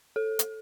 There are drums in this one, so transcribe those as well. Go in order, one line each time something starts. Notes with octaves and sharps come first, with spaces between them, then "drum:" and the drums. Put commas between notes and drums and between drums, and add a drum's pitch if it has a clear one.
A4
drum: hi-hat